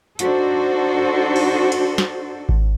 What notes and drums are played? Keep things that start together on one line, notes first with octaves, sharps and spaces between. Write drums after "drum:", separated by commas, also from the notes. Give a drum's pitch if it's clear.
D4 D#4 F#4 A4 C5, drum: hi-hat
drum: cymbal
drum: cymbal
drum: snare
drum: kick G#1